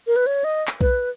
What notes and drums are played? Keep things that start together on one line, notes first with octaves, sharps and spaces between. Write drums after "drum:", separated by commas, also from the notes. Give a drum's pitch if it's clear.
A#4
B4
C#5
D#5
drum: clap
B4, drum: kick B1